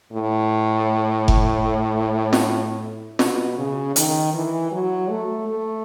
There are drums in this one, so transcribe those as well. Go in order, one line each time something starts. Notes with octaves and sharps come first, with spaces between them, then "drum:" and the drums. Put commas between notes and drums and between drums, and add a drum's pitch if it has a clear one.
A2
drum: kick F1
drum: snare
B2, drum: snare
C#3
D#3, drum: hi-hat
E3
F#3
A3
A3